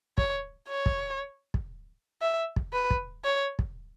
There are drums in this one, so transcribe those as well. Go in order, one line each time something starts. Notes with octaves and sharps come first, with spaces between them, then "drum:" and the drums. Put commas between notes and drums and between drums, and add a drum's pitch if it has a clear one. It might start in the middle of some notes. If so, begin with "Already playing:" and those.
C#5, drum: kick
C#5
drum: kick
drum: kick
E5
drum: kick
B4
drum: kick
C#5
drum: kick